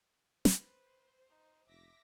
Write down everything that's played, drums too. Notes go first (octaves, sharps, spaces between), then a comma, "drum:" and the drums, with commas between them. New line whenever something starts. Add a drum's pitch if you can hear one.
B4 C5, drum: snare
D#4
F1 E5 D6 A#6 B6